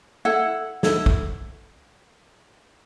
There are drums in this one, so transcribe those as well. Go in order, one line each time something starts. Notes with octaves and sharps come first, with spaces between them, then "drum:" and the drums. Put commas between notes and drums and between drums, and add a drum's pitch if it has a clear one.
E4 A4 F#5
E4 A4, drum: snare
drum: kick